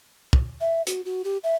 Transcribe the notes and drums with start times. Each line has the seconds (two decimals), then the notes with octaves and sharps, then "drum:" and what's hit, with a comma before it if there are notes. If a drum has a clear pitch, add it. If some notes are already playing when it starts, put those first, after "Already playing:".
0.33 drum: kick
0.61 E5
0.87 F#4, drum: hi-hat
1.05 F#4
1.24 G4
1.44 E5